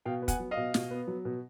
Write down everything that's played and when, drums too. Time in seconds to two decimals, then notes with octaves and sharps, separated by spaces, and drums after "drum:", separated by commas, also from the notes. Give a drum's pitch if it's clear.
0.05 B2 F5 G5
0.22 B3
0.28 F#5 G#5, drum: kick, hi-hat
0.40 F#3
0.51 D#5 F5
0.57 B2
0.74 B2, drum: snare
0.91 B3
1.07 F#3
1.25 B2